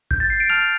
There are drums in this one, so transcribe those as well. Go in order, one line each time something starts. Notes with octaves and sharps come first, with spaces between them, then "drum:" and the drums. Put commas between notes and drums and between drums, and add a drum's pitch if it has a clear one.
G6, drum: kick G#1
A6
C7
D7
A5 F6 F7